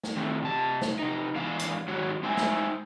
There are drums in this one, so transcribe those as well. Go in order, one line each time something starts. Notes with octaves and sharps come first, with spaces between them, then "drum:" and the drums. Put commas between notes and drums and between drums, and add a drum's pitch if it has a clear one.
drum: snare
D#3 A3 C4
C3 A5
drum: snare
C3 D#4
G#2 E3 D4 F5
drum: hi-hat
G#2 D#3 F#4 C#5
G#3 D#4 C5 E5 G5 G#5
drum: snare